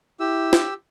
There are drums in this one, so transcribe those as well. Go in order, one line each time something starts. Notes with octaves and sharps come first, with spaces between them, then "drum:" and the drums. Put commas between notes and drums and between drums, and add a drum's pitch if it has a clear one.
E4 G4 E6
drum: snare